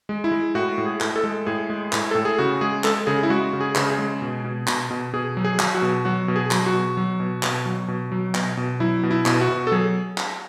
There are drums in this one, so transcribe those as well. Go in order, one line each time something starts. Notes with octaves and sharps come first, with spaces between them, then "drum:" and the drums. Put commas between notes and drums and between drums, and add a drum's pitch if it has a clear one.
G#3
E4
G#3
A2 F#4
A2
G#4
A2, drum: clap
A4
G#3
A2 G#4
G#3
A2, drum: clap
A2 A4
G#4
C#3 F#4
G#3 G#4
G#3 A4, drum: clap
C#3 G#4
E4
G#3 F#4
C#3
G#4
C#3, drum: clap
G#4
G#3
B2
B2
B2, drum: clap
B2
B2 G#4
F#3
G#4
F#3, drum: clap
F#4
B2
F#3 F#4
B2
G#4
F#3, drum: clap
F#4
B2
F#3
B2
B2, drum: clap
F#3
B2
F#3
B2, drum: clap
B2
F#3 E4
B2
E4
B2, drum: clap
F#4
B2
A4
F#3 G#4
drum: clap